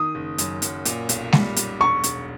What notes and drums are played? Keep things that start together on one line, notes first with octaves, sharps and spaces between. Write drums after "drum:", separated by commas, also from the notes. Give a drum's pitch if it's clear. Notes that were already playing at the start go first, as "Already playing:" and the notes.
Already playing: D#3 D#6
F#1
F#2, drum: hi-hat
F#2, drum: hi-hat
A#2, drum: hi-hat
B1, drum: hi-hat
G3, drum: snare G#3
B1, drum: hi-hat
E1 C#6
E1, drum: hi-hat